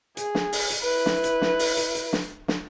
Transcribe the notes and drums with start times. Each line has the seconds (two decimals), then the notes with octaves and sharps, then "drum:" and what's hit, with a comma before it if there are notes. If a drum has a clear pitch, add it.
0.17 G#4, drum: hi-hat
0.35 drum: snare
0.53 drum: open hi-hat
0.70 drum: hi-hat
0.83 E4 B4
1.06 drum: snare
1.24 drum: hi-hat
1.42 drum: snare
1.59 drum: open hi-hat
1.77 drum: hi-hat
1.95 drum: hi-hat
2.13 drum: snare
2.48 drum: snare